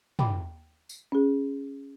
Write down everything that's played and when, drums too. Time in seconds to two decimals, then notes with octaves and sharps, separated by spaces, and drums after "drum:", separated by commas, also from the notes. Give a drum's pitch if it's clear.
0.19 G5 B5 D6, drum: tom
0.89 drum: tambourine
1.12 C#4 G#4